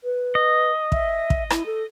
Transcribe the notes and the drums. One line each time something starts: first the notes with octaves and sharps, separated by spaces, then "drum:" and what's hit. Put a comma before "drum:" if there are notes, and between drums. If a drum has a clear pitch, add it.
B4
D#5
E5, drum: kick
drum: kick
E4, drum: rim click
A4